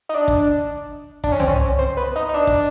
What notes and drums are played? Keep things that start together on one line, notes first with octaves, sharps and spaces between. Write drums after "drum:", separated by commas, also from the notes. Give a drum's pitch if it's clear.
D#4
D4
drum: kick
D4, drum: kick
C#4
C4, drum: tom
C#4
C4
B3
D#4
D#4
D4
drum: kick